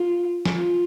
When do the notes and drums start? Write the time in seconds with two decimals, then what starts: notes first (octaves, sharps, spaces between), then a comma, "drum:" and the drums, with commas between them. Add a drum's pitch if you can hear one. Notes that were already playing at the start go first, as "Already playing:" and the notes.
Already playing: F4
0.46 drum: snare
0.56 F4